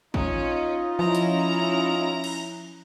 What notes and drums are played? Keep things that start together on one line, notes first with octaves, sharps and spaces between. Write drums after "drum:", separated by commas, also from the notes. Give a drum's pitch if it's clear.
C#4 D#4 F4 D#5, drum: kick
F3 C#4 E4 A#5
drum: hi-hat
drum: cymbal